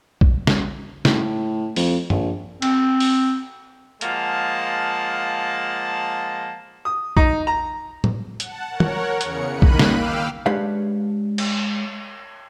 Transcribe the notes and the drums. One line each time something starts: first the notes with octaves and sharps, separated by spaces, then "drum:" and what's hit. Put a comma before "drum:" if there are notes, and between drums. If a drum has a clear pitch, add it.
drum: kick A#1
drum: snare
A2, drum: snare
F2, drum: open hi-hat
A#1, drum: tom G2
C4, drum: cymbal
drum: open hi-hat
F3 G#3 A#3 F#5 A5, drum: hi-hat
D#6
D#4, drum: kick A#1
A#5
drum: tom A2
F#5 A5, drum: hi-hat
A#4 C#5 F#5
drum: tom
E2 C#3 C#7, drum: hi-hat
D#3 A#3 B5 F#6 D#7
drum: kick A#1
drum: snare
F5 G5 D6 E6 F6
G#3 D4 G4 B4 C#5 F5
drum: cymbal